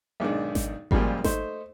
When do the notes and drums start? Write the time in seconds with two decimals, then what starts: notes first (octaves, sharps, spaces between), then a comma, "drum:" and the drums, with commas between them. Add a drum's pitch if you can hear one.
0.20 B1 G#2 D#3 D4
0.55 drum: snare G#1
0.91 F#2 A#2 C#3 F3 G3 G#3, drum: kick G#1
1.24 A3 D#4 C5, drum: snare G#1